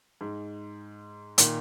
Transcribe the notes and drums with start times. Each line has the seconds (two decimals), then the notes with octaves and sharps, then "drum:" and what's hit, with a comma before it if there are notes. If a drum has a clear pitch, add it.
0.21 G#2
1.38 A#2 D#3, drum: hi-hat